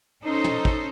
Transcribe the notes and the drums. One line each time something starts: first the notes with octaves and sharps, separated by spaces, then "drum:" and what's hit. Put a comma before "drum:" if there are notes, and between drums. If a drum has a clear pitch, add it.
C#4 D#4 A4 C5
drum: tom
drum: kick